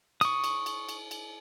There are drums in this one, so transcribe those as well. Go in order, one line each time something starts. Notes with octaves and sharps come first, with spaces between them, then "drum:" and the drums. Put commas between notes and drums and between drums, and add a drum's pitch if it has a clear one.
C#6 D#6, drum: cymbal
drum: cymbal
drum: cymbal
drum: cymbal
drum: cymbal